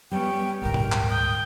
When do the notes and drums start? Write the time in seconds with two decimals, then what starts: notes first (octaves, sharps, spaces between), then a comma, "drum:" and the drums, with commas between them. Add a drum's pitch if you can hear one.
0.11 G3 B3 C#4 G5
0.62 D2 G#2 A#4 G5
0.74 drum: tom A#2
0.92 drum: clap
1.10 G5 D#6